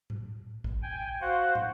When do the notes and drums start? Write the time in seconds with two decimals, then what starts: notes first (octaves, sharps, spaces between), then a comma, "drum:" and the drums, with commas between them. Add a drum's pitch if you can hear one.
0.10 drum: tom A2
0.64 drum: kick A1
0.83 G5 G#5
1.21 F#4 C5 F5 F#5
1.55 drum: tom